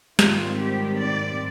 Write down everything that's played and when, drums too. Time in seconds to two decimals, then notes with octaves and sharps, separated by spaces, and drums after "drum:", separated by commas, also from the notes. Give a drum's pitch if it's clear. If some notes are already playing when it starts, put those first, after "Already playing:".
0.19 G#2 D#3 G3 C4 F4, drum: snare
0.58 G4
0.99 D5